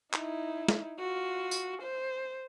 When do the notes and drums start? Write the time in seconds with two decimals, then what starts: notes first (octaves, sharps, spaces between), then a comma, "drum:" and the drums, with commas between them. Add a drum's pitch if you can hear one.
0.13 D#4 E4, drum: clap
0.68 drum: snare
0.99 F4 F#4
1.51 drum: tambourine
1.82 C5